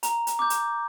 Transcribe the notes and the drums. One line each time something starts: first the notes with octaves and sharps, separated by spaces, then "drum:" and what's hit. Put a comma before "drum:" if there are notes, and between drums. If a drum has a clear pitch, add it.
A#5, drum: hi-hat
drum: hi-hat
D6 G6
drum: hi-hat